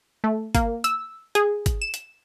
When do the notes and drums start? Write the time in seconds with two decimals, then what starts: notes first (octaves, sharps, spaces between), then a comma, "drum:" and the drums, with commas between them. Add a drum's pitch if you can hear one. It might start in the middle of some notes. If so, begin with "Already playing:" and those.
0.24 A3
0.55 A#3, drum: kick G1, hi-hat
0.84 E6, drum: hi-hat
1.35 G#4, drum: hi-hat
1.66 drum: kick G1, hi-hat
1.82 E7
1.94 drum: hi-hat